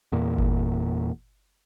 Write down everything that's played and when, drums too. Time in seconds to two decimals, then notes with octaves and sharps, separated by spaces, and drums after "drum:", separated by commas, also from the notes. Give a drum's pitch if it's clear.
0.12 E2 A#2
0.39 drum: kick G1